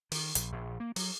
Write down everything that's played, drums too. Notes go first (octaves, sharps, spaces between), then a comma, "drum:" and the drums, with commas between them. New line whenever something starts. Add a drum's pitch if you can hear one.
D#3, drum: open hi-hat
A#1, drum: hi-hat
A#1
A#3
F#3, drum: open hi-hat